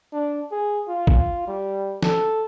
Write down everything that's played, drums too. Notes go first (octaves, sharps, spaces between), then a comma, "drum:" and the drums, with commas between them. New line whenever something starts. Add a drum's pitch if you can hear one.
D4
G#4
F4
drum: kick A1
G3
A4, drum: snare